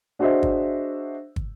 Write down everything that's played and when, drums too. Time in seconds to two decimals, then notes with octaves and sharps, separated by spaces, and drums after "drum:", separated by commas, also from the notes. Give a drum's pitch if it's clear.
0.19 D4 F#4 G#4 C5 D#5 E5
0.43 drum: kick
1.36 drum: kick